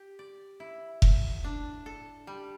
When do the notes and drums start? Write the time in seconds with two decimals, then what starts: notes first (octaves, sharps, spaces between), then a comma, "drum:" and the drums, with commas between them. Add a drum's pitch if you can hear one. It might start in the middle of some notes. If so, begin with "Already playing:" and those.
Already playing: G4
0.19 D5
0.60 E4
1.02 A2, drum: kick F1
1.44 D4
1.86 A4
2.27 G3